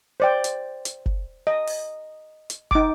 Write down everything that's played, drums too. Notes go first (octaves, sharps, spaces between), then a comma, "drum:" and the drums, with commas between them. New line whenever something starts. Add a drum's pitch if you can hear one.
C5 D5 G5
drum: hi-hat
drum: hi-hat
drum: kick F#1
D#5
drum: open hi-hat
drum: hi-hat
D#4 D6, drum: kick F#1